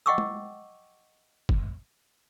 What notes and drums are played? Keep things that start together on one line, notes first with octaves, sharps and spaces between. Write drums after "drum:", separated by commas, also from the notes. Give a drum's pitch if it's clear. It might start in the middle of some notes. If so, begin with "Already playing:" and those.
D#5 F#5 G5 C#6 D6 E6
drum: tom G#3
drum: kick